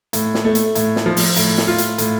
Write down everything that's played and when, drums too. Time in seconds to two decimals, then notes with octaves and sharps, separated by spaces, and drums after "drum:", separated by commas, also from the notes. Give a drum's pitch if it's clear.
0.13 A2, drum: hi-hat
0.34 drum: snare
0.44 A3
0.55 drum: hi-hat
0.75 A2, drum: hi-hat
0.96 drum: snare
1.06 F3
1.17 drum: open hi-hat
1.37 A2, drum: hi-hat
1.58 drum: snare
1.67 F4
1.78 drum: hi-hat
1.98 A2, drum: hi-hat